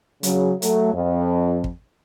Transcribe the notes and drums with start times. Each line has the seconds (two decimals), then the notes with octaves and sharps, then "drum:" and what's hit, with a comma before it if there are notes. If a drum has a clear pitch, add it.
0.23 C#3 F#3, drum: hi-hat
0.62 F#3 A3, drum: hi-hat
0.93 F2
1.64 drum: kick